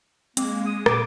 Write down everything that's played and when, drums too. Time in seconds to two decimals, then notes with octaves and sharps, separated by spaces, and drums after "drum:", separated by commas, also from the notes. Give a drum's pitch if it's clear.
0.37 G#3 A#3 C4, drum: hi-hat
0.66 D#6
0.86 A#2 G#4 D6, drum: rim click